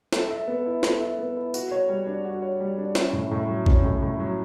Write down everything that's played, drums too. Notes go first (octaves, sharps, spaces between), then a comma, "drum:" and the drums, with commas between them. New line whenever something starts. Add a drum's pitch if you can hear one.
A4, drum: snare
E5
B3
E4
A4, drum: snare
E5
B3
E4
F#4, drum: tambourine
C#5
G3
D4
F#4
C#5
G3
D4
C#4, drum: snare
A2
A2
F#3
C#4, drum: kick A#1
A2
A2
F#3